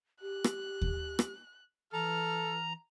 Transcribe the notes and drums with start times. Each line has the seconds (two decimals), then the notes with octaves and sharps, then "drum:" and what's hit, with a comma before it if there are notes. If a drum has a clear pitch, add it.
0.22 G4 F#6
0.44 drum: rim click
0.82 drum: kick D#2
1.19 drum: rim click
1.93 E3 A4 A#5 F6